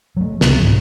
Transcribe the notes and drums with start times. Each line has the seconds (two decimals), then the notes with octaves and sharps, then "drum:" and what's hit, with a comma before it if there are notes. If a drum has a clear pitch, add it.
0.17 F#3 A3
0.41 C2 C3 F#3, drum: snare
0.60 B1 G#2 D3 F3